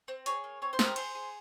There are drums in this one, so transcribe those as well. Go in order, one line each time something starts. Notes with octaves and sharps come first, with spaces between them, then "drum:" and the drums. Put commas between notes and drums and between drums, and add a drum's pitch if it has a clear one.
C4
G#4 C#5, drum: hi-hat
A#3
C4 C#5
C5
G4, drum: snare
A#4
G#4 C5, drum: cymbal
G#4